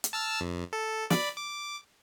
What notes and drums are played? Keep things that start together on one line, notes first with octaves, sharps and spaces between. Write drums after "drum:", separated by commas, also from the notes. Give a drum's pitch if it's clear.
drum: hi-hat
A5 E6 F6
F2
A4
D5 B5, drum: snare
D6